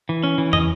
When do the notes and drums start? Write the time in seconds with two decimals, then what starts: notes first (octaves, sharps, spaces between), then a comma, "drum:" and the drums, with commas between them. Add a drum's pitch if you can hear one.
0.09 E3
0.24 C#4
0.38 E3
0.53 C#4 D#5, drum: tom